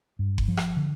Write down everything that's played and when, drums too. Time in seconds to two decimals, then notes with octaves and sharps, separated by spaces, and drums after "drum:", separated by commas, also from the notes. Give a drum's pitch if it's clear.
0.19 G2
0.38 drum: kick F#1
0.48 F3
0.57 drum: rim click
0.77 D3